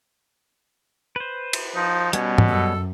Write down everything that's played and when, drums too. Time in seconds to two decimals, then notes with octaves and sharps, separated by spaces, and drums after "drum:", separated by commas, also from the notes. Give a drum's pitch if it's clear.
1.16 B4 C5
1.53 drum: cymbal
1.75 F3 D#4
2.13 B2 G3 B3 C#4 G#5, drum: hi-hat
2.38 drum: tom G#2
2.50 F#2 A4